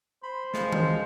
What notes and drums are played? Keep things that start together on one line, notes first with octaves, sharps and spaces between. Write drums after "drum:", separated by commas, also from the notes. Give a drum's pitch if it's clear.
C5 B5
F3 G#3, drum: snare
drum: tom D#3